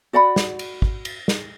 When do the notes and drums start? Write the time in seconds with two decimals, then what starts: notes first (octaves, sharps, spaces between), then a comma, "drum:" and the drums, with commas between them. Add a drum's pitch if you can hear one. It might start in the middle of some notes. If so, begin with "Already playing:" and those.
0.13 F#4 D5 F#5 B5
0.36 drum: snare
0.59 drum: cymbal
0.82 drum: kick
1.05 drum: cymbal
1.28 drum: snare